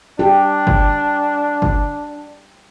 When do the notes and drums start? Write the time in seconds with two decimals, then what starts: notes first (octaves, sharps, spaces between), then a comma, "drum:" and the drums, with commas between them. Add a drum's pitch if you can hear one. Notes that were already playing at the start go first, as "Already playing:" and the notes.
0.19 D4 G4
0.67 drum: kick G1
1.62 drum: kick G1